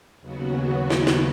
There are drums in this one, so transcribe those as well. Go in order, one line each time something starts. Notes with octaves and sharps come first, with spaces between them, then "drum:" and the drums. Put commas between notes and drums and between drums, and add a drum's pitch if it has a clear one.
D#2 C#3 F#3 B3 F#4
drum: snare
drum: snare